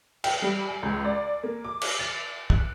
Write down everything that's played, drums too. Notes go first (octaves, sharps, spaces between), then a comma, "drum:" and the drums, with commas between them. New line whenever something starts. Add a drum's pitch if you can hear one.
G5, drum: cymbal
G3
G#5
C#2
D5
A#3
D6
drum: cymbal
A6
F#6, drum: kick